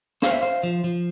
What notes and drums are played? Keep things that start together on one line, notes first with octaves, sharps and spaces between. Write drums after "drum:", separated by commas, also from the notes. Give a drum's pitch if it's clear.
C5 F5, drum: snare
E5
C5 F5
F3
F3